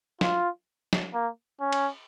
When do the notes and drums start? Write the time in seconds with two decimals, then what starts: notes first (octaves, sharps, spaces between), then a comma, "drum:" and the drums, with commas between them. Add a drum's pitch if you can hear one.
0.21 F4, drum: snare
0.93 drum: snare
1.14 A#3
1.60 C#4
1.72 drum: cymbal